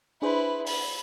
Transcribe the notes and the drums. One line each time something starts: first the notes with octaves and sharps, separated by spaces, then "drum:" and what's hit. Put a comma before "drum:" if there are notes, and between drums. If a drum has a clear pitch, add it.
D4 E4 G#4 B4 C5
B5, drum: open hi-hat